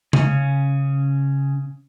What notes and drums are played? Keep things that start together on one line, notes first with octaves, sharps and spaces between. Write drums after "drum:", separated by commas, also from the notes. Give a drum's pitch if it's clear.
C#3 C#4, drum: tom C3